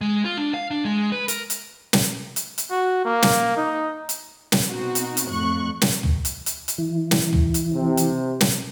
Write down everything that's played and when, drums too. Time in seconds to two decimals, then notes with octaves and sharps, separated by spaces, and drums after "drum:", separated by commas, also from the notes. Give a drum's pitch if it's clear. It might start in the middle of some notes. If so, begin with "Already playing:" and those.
0.01 G#3
0.25 F4
0.38 D4
0.54 F5
0.71 D4
0.85 G#3
1.12 B4
1.28 A#4, drum: hi-hat
1.50 drum: hi-hat
1.93 drum: snare
2.36 drum: hi-hat
2.58 drum: hi-hat
2.71 F#4
3.05 A#3
3.22 drum: snare
3.57 D#4
4.09 drum: hi-hat
4.52 drum: snare
4.69 B2 C4 D#4 F#4
4.95 drum: hi-hat
5.17 drum: hi-hat
5.28 F2 A2 C#6 F#6
5.82 drum: snare
6.03 drum: tom
6.25 drum: hi-hat
6.46 drum: hi-hat
6.68 drum: hi-hat
6.78 E3
7.11 drum: snare
7.33 drum: tom
7.54 drum: hi-hat
7.73 C3
7.97 drum: hi-hat
8.41 drum: snare